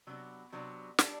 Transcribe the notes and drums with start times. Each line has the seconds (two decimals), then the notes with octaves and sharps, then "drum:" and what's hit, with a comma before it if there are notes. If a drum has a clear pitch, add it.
0.07 C3 F#3 B3 D4
0.52 C3 F#3 B3 D4
0.99 G3 D4 A4, drum: snare